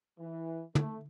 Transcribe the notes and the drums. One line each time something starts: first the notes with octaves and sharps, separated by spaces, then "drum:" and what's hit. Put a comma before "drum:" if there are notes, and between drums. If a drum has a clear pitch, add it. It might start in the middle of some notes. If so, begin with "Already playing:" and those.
E3
A3, drum: tom